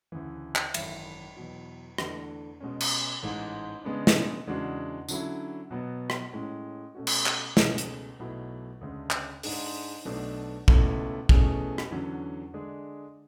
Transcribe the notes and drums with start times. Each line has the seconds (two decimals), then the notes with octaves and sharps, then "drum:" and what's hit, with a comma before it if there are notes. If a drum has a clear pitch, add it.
0.12 D2 C#3 E3
0.56 drum: clap
0.74 G#1 F#2 E3, drum: cymbal
1.37 E2 B2 F#3
1.98 E2 D3 A3 D4, drum: rim click
2.61 B2 G#3 C#4
2.80 drum: cymbal
3.23 A1 G#2 G#3
3.84 C#3 G#3 B3 D4
4.07 drum: snare
4.47 E2 C#3 G#3 D4 F#4
5.08 D3 F#3 C#4 E4, drum: tambourine
5.71 B2 F#3 B3
6.10 drum: rim click
6.33 A2 G#3 C#4
6.95 B2 A3 C#4 F#4
7.07 drum: cymbal
7.26 drum: clap
7.57 C#2 B2 A3 C#4 G#4, drum: snare
7.78 drum: hi-hat
8.19 B1 B2 F#3 A3 E4
8.81 D2 C#3 G#3 D4
9.11 drum: clap
9.43 G#2 G#3 D4 G#4, drum: open hi-hat
10.05 B1 B2 A3 D4
10.68 C#2 B2 A3 C#4 E4, drum: kick
11.29 E2 B2 A3 C#4 G#4, drum: kick
11.78 drum: rim click
11.92 E2 D3 F#3 C#4
12.54 D3 G#3 D4 G#4